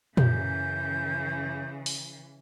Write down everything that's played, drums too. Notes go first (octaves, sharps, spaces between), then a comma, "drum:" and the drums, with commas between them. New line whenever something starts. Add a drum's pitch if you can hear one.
F#2 C#3 E3 G6, drum: tom A#2
drum: open hi-hat